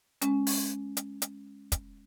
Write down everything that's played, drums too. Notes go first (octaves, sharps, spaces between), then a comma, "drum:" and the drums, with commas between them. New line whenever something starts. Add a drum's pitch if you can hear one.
G#3 C#4, drum: hi-hat
drum: open hi-hat
drum: hi-hat
drum: hi-hat
drum: kick, hi-hat